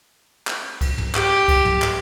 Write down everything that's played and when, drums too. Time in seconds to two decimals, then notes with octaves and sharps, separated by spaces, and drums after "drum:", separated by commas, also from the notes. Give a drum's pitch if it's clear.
0.47 drum: clap
0.81 drum: kick C2, cymbal
0.98 drum: tom
1.15 G4, drum: clap
1.48 drum: kick C2, cymbal
1.65 drum: tom
1.82 drum: clap